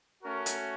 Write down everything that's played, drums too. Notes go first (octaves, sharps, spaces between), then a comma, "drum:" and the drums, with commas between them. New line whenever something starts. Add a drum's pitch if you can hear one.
A3 C#4 F#4 A#4
drum: hi-hat